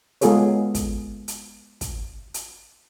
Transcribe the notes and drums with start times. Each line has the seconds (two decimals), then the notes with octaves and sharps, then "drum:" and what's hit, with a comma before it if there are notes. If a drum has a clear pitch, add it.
0.21 G#3 B3 F4 G#4 A4 C#5, drum: hi-hat
0.75 drum: kick, hi-hat
1.28 drum: hi-hat
1.81 drum: kick, hi-hat
2.34 drum: hi-hat